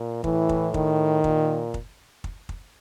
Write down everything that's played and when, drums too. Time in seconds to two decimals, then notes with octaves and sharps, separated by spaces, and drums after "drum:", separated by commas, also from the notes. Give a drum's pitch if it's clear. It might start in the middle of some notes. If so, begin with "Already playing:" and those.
Already playing: A#2
0.24 A2 E3, drum: kick
0.49 drum: kick
0.74 D#3, drum: kick
1.24 A#2, drum: kick
1.74 drum: kick
2.24 drum: kick
2.49 drum: kick